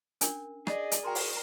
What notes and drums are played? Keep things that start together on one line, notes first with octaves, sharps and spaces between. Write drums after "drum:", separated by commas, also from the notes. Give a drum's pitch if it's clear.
C#4 D4 A#4, drum: hi-hat
G#4 D5 D#5, drum: rim click
drum: hi-hat
F#4 A#4 G5 A#5 C6
drum: open hi-hat